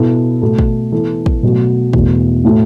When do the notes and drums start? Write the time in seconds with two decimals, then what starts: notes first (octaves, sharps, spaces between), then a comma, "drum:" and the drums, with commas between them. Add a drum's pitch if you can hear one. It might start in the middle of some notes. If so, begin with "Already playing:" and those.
Already playing: B2 B3 E4 A4
0.42 B2 A3 F#4 A4
0.59 drum: kick
0.92 E3 B3 A4
1.26 drum: kick
1.43 B2 F#3 A3 F#4
1.93 E2 B2 A3, drum: kick
2.44 A2 A3 F#4 A4